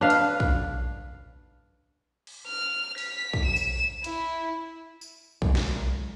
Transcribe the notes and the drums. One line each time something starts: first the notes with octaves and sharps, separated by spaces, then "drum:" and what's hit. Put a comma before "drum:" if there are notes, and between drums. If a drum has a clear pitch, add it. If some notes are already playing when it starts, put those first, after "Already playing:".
D4 B4 D#5 F5
drum: hi-hat
drum: kick
drum: cymbal
F6
B6, drum: open hi-hat
drum: kick
E7
drum: tambourine
E4, drum: hi-hat
drum: tambourine
C2 F#3 G#3 A3, drum: kick
drum: snare